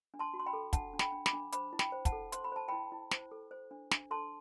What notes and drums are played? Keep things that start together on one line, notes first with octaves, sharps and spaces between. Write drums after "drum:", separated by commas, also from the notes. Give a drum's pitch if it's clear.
D4
A5 C6
F#4
C6
G5 B5
A4
D4 F#5 A5, drum: kick, hi-hat
D4
G5 B5, drum: snare
D4
B5 D6, drum: snare
D4
C5 B5 D6, drum: hi-hat
E4
G5 B5, drum: snare
C5
F#5 A5, drum: kick, hi-hat
A4
C5 C6, drum: hi-hat
B5
C5 A5
E4 G5 B5
E4
C5, drum: snare
A4
C5
D4
D4, drum: snare
A4 A5 C6